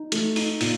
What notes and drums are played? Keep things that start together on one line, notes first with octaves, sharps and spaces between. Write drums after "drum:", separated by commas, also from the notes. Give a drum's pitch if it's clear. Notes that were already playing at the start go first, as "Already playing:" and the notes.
Already playing: D#4
A3, drum: hi-hat
D#4, drum: open hi-hat
A#2, drum: open hi-hat